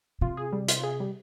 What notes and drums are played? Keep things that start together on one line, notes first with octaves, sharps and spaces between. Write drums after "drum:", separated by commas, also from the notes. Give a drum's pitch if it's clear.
C3 F4
G#4
G3
F4, drum: hi-hat
G#4
G3